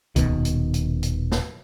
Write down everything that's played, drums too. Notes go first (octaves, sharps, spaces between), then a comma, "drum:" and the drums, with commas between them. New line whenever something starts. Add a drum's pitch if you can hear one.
D#1 C2 B2 D#3, drum: kick C#2, hi-hat
drum: hi-hat
drum: hi-hat
drum: hi-hat
drum: snare